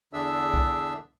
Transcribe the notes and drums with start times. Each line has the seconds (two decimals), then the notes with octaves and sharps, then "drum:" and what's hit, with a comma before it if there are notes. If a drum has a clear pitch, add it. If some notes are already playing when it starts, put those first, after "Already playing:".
0.13 E2 D3 D4 G#4 E5 E6
0.54 drum: kick